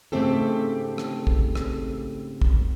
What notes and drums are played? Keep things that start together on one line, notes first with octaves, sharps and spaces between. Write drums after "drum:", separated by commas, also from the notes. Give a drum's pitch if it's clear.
G#2 C#3 A3 C4 G4 A4
drum: rim click
drum: kick
drum: rim click
drum: kick